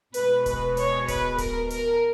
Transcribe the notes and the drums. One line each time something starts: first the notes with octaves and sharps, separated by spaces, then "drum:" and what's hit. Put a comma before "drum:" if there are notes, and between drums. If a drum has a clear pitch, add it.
B2 G#3 B4, drum: hi-hat
B4, drum: kick D1, hi-hat
C#5, drum: hi-hat
B4, drum: kick D1, hi-hat
A#4, drum: kick D1, hi-hat
A#4, drum: hi-hat